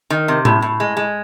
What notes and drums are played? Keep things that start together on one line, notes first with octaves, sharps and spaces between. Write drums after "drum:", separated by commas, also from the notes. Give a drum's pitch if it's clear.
D#3
C3
A2, drum: tom A2
A2
G#3
G#3